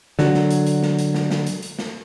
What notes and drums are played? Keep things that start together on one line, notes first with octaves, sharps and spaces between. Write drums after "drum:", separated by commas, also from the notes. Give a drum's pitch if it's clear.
D3 F#3, drum: snare
drum: snare
drum: hi-hat
drum: hi-hat
drum: snare
drum: hi-hat
drum: snare
drum: snare
drum: hi-hat
drum: hi-hat
drum: snare